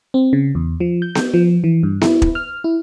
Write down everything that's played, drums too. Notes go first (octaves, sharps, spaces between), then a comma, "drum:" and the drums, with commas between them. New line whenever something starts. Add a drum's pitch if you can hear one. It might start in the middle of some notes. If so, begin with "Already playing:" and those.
C4
C#3
E2
F3
G6
drum: snare B3
F3
E3
G2
E4, drum: snare B3
drum: kick
F6
E4